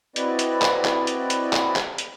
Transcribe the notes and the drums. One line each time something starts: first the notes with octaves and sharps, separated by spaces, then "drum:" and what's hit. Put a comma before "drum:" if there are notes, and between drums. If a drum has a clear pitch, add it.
C4 E4 F#4 B4 D5 D#5, drum: hi-hat
drum: hi-hat
drum: clap
drum: clap
drum: hi-hat
drum: hi-hat
drum: clap
drum: clap
drum: hi-hat